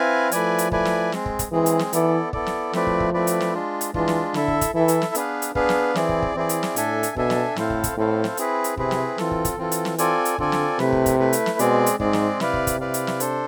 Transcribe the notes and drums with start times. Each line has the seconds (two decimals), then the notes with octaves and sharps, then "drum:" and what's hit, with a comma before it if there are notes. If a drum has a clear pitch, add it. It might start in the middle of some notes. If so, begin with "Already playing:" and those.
Already playing: C4 E4 B4 F5 G#5
0.32 F3 A3 E4 B4 D5 G#5, drum: hi-hat
0.58 drum: hi-hat
0.72 A3 E4 B4 D5 G#5, drum: kick
0.85 drum: snare
1.12 G#3 C4 G#4, drum: snare
1.26 drum: kick
1.39 drum: kick, hi-hat
1.52 E3 G#3 C4 G#4
1.66 drum: hi-hat
1.79 drum: snare
1.93 E3 B3 E4 A4 D5, drum: hi-hat
2.33 B3 E4 A4 D5, drum: kick
2.46 drum: snare
2.73 F3 A3 C4 E4 B4 D5, drum: snare
2.87 drum: kick
3.00 drum: kick
3.14 A3 C4 E4 B4 D5
3.27 drum: hi-hat
3.40 drum: snare
3.54 G#3 D4 F4
3.81 drum: hi-hat
3.94 E3 G#3 D4 F4, drum: kick
4.08 drum: snare
4.34 D3 E4 A4 E5, drum: snare
4.48 drum: kick
4.61 drum: kick, hi-hat
4.75 E3 E4 A4 E5
4.88 drum: hi-hat
5.02 drum: snare
5.15 B3 D4 G#4 B4 F5, drum: hi-hat
5.42 drum: hi-hat
5.55 B3 D4 G#4 B4 F5, drum: kick
5.69 drum: snare
5.95 E3 C4 E4 G#4 D5, drum: snare
6.09 drum: kick
6.22 drum: kick
6.35 E3 C4 E4 G#4 D5
6.49 drum: hi-hat
6.63 drum: snare
6.76 A2 D4 A4 E5 G#5, drum: hi-hat
7.03 drum: hi-hat
7.16 B2 D4 A4 E5 G#5, drum: kick
7.30 drum: snare
7.56 A2 C4 E4 A4 C5 F5, drum: snare
7.70 drum: kick
7.84 drum: kick, hi-hat
7.97 A2 C4 E4 A4 C5 F5
8.24 drum: snare
8.37 C4 E4 G#4 B4, drum: hi-hat
8.64 drum: hi-hat
8.77 C3 C4 E4 G#4 B4, drum: kick
8.91 drum: snare
9.18 E3 C4 F4 A4, drum: snare
9.31 drum: kick
9.45 drum: kick, hi-hat
9.58 E3 C4 F4 A4
9.72 drum: hi-hat
9.85 drum: snare
9.98 C4 F4 A4 D5 G#5, drum: hi-hat
10.25 drum: hi-hat
10.38 D3 C4 F4 A4 D5 G#5, drum: kick
10.52 drum: snare
10.79 C3 A3 E4 B4, drum: snare
10.92 drum: kick
11.06 drum: kick, hi-hat
11.19 A3 E4 B4
11.33 drum: hi-hat
11.46 drum: snare
11.59 B2 G#3 C4 G#4 D5, drum: hi-hat
11.86 drum: hi-hat
12.00 G#2 G#3 C4 G#4 D5, drum: kick
12.13 drum: snare
12.40 C3 E4 B4 D5 F5, drum: snare
12.53 drum: kick
12.67 drum: kick, hi-hat
12.80 E4 B4 D5 F5
12.94 drum: hi-hat
13.07 drum: snare
13.20 D4 A4 C5, drum: hi-hat